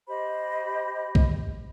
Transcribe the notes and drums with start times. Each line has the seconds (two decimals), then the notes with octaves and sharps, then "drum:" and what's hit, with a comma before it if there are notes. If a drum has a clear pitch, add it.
0.08 G4 C5 D#5 B5
1.15 drum: kick B1